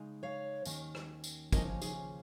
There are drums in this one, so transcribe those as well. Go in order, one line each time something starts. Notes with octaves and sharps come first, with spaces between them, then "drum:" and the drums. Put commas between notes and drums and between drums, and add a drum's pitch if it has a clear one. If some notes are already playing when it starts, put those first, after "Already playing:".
Already playing: C#3 G#3 D#4
C#5 F5
D#2 D#3 C#4, drum: tambourine
drum: rim click
drum: tambourine
D#2 C#3 F3 C#4 A#4 D#5, drum: kick, tambourine
D#4 G#4, drum: tambourine